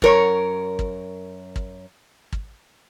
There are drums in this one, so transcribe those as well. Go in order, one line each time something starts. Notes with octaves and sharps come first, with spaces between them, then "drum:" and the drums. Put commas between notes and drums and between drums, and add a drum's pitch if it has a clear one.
F#2 A#4 C#5, drum: kick
drum: kick
drum: kick
drum: kick